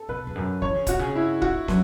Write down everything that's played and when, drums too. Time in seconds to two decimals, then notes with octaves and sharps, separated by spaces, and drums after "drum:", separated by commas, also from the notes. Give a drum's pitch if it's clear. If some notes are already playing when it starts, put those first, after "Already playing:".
Already playing: A4
0.09 B2 B4
0.27 E2
0.35 F#2
0.62 E3 C#5
0.74 C#3
0.87 B2 F#4, drum: kick D1, hi-hat
0.99 C#3
1.15 E4
1.42 F#4, drum: kick D1
1.68 F#3, drum: snare